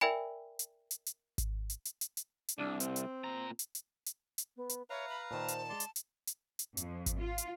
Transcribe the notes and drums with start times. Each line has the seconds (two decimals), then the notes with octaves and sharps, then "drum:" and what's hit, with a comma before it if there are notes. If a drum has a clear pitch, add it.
0.01 A#4 D5 E5 G5 G#5 B5
0.59 drum: hi-hat
0.91 drum: hi-hat
1.06 drum: hi-hat
1.38 drum: kick G#1, hi-hat
1.70 drum: hi-hat
1.85 drum: hi-hat
2.01 drum: hi-hat
2.17 drum: hi-hat
2.48 drum: hi-hat
2.58 C2 D4
2.80 C4, drum: hi-hat
2.96 drum: hi-hat
3.24 A#2 A#5
3.59 drum: hi-hat
3.75 drum: hi-hat
4.06 drum: hi-hat
4.38 drum: hi-hat
4.57 B3
4.69 drum: hi-hat
4.90 B4 C#5 E5 F5 A#5
5.09 B5
5.31 A#2 D#3 C5 A5
5.48 drum: hi-hat
5.69 G#3 D5 C6
5.80 drum: hi-hat
5.96 drum: hi-hat
6.27 drum: hi-hat
6.59 drum: hi-hat
6.77 F2, drum: hi-hat
7.06 drum: kick G#1, hi-hat
7.19 F4
7.38 drum: hi-hat